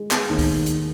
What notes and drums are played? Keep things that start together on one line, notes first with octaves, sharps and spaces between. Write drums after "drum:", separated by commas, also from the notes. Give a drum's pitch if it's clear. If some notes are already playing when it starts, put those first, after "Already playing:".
Already playing: G#3
B3, drum: clap
D#2
drum: kick, open hi-hat
drum: hi-hat